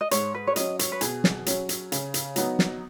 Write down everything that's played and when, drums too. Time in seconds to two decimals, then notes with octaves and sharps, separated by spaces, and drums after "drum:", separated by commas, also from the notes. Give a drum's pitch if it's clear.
0.01 D#5
0.11 G#2 C#5, drum: hi-hat
0.35 B4
0.47 C#5
0.56 F#3 C#4 D#5, drum: hi-hat
0.79 C#5, drum: hi-hat
0.92 B4
1.01 B2 G#4, drum: hi-hat
1.24 drum: snare
1.46 F#3 C#4, drum: hi-hat
1.69 drum: hi-hat
1.92 C#3, drum: hi-hat
2.14 drum: hi-hat
2.36 F#3 B3 D#4, drum: hi-hat
2.59 drum: snare